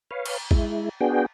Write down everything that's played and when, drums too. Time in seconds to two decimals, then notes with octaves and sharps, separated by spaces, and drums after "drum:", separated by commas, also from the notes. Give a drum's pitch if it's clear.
0.11 B4 C#5 F5
0.26 drum: cymbal
0.51 G#3 E4, drum: kick A1
1.01 B3 D4 F#4 G#4 G5